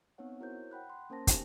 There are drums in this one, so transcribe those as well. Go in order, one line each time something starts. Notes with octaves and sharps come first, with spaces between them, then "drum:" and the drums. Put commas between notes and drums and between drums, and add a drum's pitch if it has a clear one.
B3 C4 D#4 C#5 F#5
E4 F#4 A#4 C5 C#5 G6
F#5 G5 B5 F#6
C6
A#3 C#4 A#4 C5 A5 A#6
B3 D#4 G4 G#4 G5 G#5, drum: kick, hi-hat